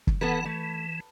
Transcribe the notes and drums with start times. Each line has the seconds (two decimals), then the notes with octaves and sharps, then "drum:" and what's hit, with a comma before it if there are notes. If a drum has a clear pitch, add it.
0.07 drum: kick
0.21 E3 B3 A4 B4 F#5
0.45 E3 A3